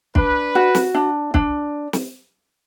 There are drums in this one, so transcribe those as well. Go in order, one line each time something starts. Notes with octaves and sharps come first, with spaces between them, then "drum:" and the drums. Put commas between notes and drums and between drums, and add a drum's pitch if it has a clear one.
D4 B4, drum: kick
F#4
drum: snare
D4
D4, drum: kick
drum: snare